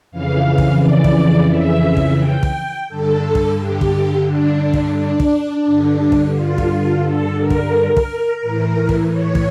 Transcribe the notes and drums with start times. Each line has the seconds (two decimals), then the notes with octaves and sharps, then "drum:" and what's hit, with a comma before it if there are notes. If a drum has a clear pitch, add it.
0.12 F2 C#3 E3 F5
0.58 drum: kick
0.82 D5
1.04 drum: kick
1.50 E5
1.97 drum: kick
2.20 G5
2.43 drum: kick
2.89 G2 D3 A4
3.35 drum: kick
3.58 G4
3.81 drum: kick
4.27 D4
4.74 drum: kick
4.97 D4
5.20 drum: kick
5.66 G2 D3
6.12 drum: kick
6.34 F4
6.58 drum: kick
6.69 F4
7.04 A4
7.39 A#4
7.50 drum: kick
7.97 drum: kick
8.42 A2 E3
8.89 drum: kick
9.13 C#5
9.35 drum: kick